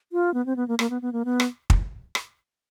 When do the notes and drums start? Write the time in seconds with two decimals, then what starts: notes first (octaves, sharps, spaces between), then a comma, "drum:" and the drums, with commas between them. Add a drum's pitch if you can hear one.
0.12 F4
0.34 B3
0.46 C4
0.56 B3
0.68 A#3
0.79 A#3, drum: rim click
0.90 B3
1.02 B3
1.13 A#3
1.25 B3
1.40 drum: rim click
1.70 drum: kick
2.15 drum: rim click